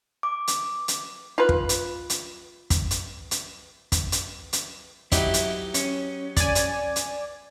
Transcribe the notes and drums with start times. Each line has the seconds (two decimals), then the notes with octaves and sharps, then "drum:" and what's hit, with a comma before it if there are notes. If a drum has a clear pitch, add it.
0.23 D6
0.48 drum: hi-hat
0.88 drum: hi-hat
1.38 F4 B4
1.49 drum: kick
1.69 drum: hi-hat
2.10 drum: hi-hat
2.70 drum: kick, hi-hat
2.91 drum: hi-hat
3.31 drum: hi-hat
3.92 drum: kick, hi-hat
4.12 drum: hi-hat
4.53 drum: hi-hat
5.12 F#3 D#4 E4 G4, drum: kick, hi-hat
5.34 drum: hi-hat
5.74 C#4, drum: hi-hat
6.37 D5 G#5, drum: kick, hi-hat
6.55 drum: hi-hat
6.96 drum: hi-hat